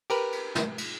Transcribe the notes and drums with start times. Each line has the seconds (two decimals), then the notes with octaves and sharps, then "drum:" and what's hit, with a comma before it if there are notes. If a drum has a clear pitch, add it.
0.10 G4 A#4 B4, drum: cymbal
0.32 drum: cymbal
0.55 drum: snare
0.78 drum: cymbal